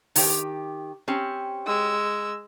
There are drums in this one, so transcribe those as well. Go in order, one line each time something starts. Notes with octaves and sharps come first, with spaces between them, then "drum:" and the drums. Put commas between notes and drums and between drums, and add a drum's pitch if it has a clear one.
D#3 G4, drum: open hi-hat
C4 C#4 G4
G#3 E6